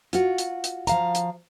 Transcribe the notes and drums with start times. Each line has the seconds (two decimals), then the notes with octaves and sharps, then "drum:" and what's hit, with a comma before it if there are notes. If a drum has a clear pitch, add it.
0.13 F4 F#4, drum: hi-hat
0.38 drum: hi-hat
0.64 drum: hi-hat
0.87 F3 F5 A#5, drum: hi-hat
1.15 drum: hi-hat